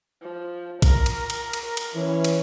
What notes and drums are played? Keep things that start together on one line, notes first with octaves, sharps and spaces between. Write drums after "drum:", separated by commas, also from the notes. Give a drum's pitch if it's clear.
F3
A#4, drum: kick A#1, cymbal
drum: cymbal
drum: cymbal
drum: cymbal
A#4
drum: cymbal
E3 C#4
drum: cymbal